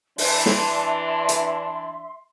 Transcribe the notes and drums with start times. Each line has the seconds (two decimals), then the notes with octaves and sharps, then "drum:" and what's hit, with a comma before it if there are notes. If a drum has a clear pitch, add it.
0.18 E3 D4 E5 C6, drum: open hi-hat
0.46 drum: snare
1.29 drum: hi-hat